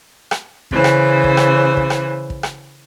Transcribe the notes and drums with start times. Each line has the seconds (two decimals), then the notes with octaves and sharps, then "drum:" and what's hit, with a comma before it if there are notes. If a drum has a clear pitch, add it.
0.31 drum: rim click
0.71 C#3 E3 C5, drum: kick
0.84 drum: rim click
1.24 drum: kick
1.37 drum: rim click
1.77 drum: kick
1.90 drum: rim click
2.30 drum: kick
2.43 drum: rim click